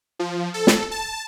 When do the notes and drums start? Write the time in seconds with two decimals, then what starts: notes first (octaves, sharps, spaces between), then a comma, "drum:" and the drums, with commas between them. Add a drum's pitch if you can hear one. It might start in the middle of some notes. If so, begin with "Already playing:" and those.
0.19 F3
0.54 A4
0.67 drum: snare
0.91 A5